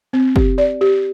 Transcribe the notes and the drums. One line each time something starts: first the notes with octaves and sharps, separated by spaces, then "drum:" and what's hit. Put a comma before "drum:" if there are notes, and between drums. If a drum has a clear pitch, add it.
C4
G4, drum: kick
D5
G4